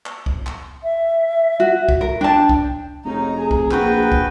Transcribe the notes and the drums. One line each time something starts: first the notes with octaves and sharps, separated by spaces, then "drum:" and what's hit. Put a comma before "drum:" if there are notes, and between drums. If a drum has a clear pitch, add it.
drum: clap
drum: kick
drum: clap
E5
F#4
drum: kick
A#4
D4 G5 A5
drum: kick
F1 C#3 D#4 A#5
G#4
drum: kick
A#1 F#4 B4 G5 A#5, drum: clap
drum: kick